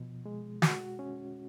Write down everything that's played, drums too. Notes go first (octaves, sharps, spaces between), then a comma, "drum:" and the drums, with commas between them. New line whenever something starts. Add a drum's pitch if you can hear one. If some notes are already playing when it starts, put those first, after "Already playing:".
Already playing: B2 F3
G#3
F#4, drum: snare
C#4